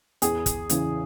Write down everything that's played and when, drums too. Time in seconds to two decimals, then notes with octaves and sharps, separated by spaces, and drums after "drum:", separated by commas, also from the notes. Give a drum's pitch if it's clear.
0.22 E2 G#4, drum: hi-hat
0.46 drum: kick, hi-hat
0.70 C#3 E3, drum: hi-hat